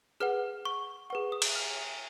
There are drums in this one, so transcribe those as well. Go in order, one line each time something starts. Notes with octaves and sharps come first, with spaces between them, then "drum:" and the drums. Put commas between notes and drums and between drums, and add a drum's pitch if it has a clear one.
G#4 B4 F#5 F6
C#6
G#4 B4 F#5 C#6
D#6
drum: cymbal
F6